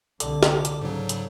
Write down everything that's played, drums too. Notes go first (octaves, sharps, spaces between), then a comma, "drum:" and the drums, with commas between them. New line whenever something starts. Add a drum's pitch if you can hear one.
C2 D3 A4 D5 A5 D6, drum: hi-hat
drum: snare
drum: hi-hat
G#2 C#3 F#3
drum: hi-hat